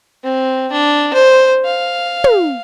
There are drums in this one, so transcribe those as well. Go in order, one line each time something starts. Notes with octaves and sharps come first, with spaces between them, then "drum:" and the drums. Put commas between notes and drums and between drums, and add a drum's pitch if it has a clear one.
C4
D4
C5
F5
drum: tom